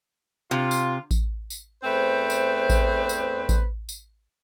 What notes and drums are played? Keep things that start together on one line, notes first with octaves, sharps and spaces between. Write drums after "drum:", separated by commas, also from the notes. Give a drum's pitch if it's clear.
C3 F4
drum: tambourine
drum: kick A1, tambourine
drum: tambourine
E2 A3 C4 B4 C5
drum: tambourine
drum: kick A1, tambourine
drum: tambourine
drum: kick A1, tambourine
drum: tambourine